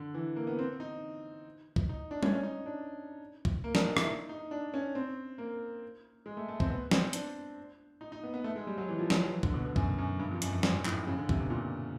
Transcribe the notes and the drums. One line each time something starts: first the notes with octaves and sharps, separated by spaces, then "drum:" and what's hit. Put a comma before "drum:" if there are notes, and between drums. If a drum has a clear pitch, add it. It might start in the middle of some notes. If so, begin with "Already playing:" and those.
Already playing: D3
E3
A#3
B3
C4
D#4
drum: kick
D#4
D4
C#4, drum: tom G3
C#4
D#4
D4
drum: kick
A#3
D4, drum: snare
D#4
E4, drum: rim click
D#4
D#4
D4
C#4
C4
A#3
G#3
A3
A3
C4, drum: kick
B3
C4, drum: snare
D4, drum: hi-hat
D#4
D#4
B3
B3
A3
G#3
G3
F#3
E3
F3
F#3, drum: snare
E3
D3, drum: kick
B2
B2
F#2, drum: kick
F#2
G2
F2
F#2, drum: hi-hat
F#2
G#2, drum: snare
A2, drum: clap
C#3
D3
C3, drum: kick
B2
A#2